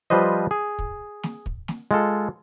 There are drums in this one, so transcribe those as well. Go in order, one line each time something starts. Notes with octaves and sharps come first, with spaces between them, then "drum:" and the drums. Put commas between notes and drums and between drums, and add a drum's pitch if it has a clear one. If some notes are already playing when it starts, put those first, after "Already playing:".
F3 G3 B4 C5 D#5
G#4
drum: kick
drum: snare
drum: kick
drum: snare
G#3 F4 A4